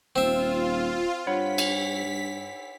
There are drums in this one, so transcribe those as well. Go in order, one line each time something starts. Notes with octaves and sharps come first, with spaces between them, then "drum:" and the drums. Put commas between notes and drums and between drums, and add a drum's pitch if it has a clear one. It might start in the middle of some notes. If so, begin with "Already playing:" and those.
D#1 C4 F4 E5
G2 C#5 F#5 B5 B6
drum: cymbal